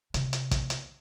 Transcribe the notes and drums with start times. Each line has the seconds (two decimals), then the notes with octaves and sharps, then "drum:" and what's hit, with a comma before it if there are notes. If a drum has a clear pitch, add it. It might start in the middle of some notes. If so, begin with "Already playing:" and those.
0.14 C3, drum: hi-hat
0.33 drum: hi-hat
0.51 drum: kick, hi-hat
0.70 drum: hi-hat